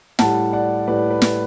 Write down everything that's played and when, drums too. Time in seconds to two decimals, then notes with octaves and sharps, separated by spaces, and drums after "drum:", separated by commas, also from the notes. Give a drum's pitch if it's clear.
0.19 A2 G3 F#5 A5, drum: snare
0.53 D5 F#5
0.87 A2 G3 B4 D5
1.10 B4
1.22 drum: snare